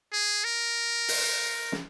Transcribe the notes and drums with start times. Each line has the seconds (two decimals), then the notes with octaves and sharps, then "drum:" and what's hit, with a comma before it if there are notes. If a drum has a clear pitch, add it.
0.12 G#4
0.45 A#4
1.08 drum: open hi-hat
1.72 drum: snare